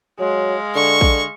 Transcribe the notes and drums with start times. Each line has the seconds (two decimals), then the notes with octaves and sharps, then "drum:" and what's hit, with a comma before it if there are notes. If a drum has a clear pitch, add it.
0.19 F#3 G#3 F5
0.75 D3 C#6
1.01 drum: kick